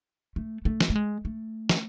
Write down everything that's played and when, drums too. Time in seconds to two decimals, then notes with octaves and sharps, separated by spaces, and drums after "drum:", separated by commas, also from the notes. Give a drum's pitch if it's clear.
0.36 A3
0.65 A3
0.81 drum: snare
0.90 A3
0.95 G#3
1.25 A3
1.69 drum: snare